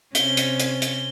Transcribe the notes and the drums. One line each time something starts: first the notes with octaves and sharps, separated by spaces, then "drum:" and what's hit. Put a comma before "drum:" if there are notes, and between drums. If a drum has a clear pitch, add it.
C3 C4 C#4 G7, drum: hi-hat
drum: hi-hat
drum: hi-hat
drum: hi-hat